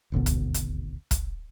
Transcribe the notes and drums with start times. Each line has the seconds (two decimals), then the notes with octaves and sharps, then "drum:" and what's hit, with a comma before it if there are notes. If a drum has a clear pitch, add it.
0.12 D#1 G#1 D2 B2
0.26 drum: kick, hi-hat
0.54 drum: hi-hat
1.11 drum: kick, hi-hat